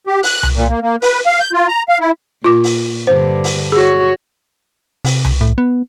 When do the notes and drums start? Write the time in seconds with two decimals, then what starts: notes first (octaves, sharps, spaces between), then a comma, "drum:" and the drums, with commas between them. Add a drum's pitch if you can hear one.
0.07 G4
0.23 F#6, drum: open hi-hat
0.43 drum: tom C2
0.54 A#2
0.69 A#3
0.82 A#3
1.02 B4, drum: open hi-hat
1.26 F5
1.40 G6
1.53 F4
1.68 A#5
1.89 F5
2.00 E4
2.44 A#2 F4 D6
2.64 drum: open hi-hat
3.07 G2 D3 C5
3.44 drum: open hi-hat
3.72 F#4 G#4 C#5
5.05 C3, drum: open hi-hat
5.25 drum: tom C2
5.41 A2
5.58 B3